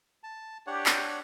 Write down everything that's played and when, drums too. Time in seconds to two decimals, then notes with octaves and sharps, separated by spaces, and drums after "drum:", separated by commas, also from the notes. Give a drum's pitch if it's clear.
0.23 A5
0.67 D4 G4 C#5 F#5
0.86 drum: clap